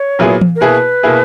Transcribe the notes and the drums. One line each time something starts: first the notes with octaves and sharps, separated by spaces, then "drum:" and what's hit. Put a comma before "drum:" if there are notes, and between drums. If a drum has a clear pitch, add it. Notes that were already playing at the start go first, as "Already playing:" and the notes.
Already playing: C#5
A#2 F#3 B3 E4 G#4
drum: tom E3
A#4
B2 A#3 E4 G#4 B4
B2 A#3 E4 G#4